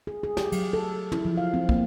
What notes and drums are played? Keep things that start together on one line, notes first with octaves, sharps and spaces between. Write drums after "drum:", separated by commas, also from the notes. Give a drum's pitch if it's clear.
G#4
G#4
G4, drum: snare
F#3, drum: cymbal
A4
E4, drum: tom
F3
F5
C4
A#3, drum: kick